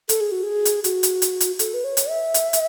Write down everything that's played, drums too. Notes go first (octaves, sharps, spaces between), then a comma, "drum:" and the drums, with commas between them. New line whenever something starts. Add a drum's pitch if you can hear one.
A4, drum: hi-hat
G#4
F#4
G#4
drum: hi-hat
F#4, drum: hi-hat
drum: hi-hat
drum: hi-hat
drum: hi-hat
A4, drum: hi-hat
B4
C#5
drum: hi-hat
E5
drum: hi-hat
drum: hi-hat